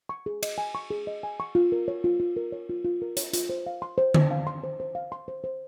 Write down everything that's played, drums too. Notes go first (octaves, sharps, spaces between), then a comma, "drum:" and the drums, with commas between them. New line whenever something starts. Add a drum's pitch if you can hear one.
C#6
G#4
D#5, drum: cymbal
G#5
C#6
G#4
D#5
G#5
C#6
F4
A#4
C#5
F4
F4
A#4
C#5
F4
F4
A#4
C#5, drum: hi-hat
F4, drum: hi-hat
C5
F5
C6
C5
C5, drum: tom D3
F5
C6
C5
C5
F5
C6
C5
C5